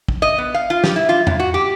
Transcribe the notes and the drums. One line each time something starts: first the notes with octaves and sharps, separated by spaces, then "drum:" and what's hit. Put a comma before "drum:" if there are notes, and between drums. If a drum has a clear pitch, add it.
drum: kick
D#5
B3
F5
F4
G4, drum: snare
E4
F4
F#2, drum: tom E2
F#4
G4